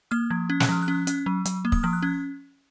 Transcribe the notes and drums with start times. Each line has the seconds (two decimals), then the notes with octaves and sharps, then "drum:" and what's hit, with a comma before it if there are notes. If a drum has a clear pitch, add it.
0.11 A#3 F6
0.30 F3 G#6
0.50 C#4 G#6
0.60 F#6, drum: snare
0.69 F3 F6
0.82 F#6
0.88 C#4
1.07 C#4, drum: hi-hat
1.26 F#3
1.45 F#3, drum: hi-hat
1.65 A#3
1.72 D#6, drum: kick
1.83 F3 F6
1.93 F#6
2.02 C#4 G#6